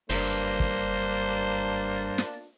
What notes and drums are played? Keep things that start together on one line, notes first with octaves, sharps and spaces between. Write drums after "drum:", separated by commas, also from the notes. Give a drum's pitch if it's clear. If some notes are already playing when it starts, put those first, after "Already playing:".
F#1 G2 A#3 D4 C5, drum: open hi-hat
drum: kick
drum: snare